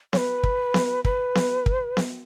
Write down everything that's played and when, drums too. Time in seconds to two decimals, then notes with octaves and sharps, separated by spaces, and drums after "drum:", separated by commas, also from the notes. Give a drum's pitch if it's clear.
0.13 C#5, drum: snare B3
0.17 B4
0.43 drum: kick
0.74 drum: snare B3
1.05 B4, drum: kick
1.35 drum: snare B3
1.66 drum: kick
1.97 drum: snare B3